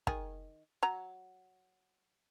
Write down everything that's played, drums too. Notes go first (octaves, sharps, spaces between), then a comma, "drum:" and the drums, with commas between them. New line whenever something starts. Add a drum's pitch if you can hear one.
D#3 G#4, drum: kick
F#3 A#5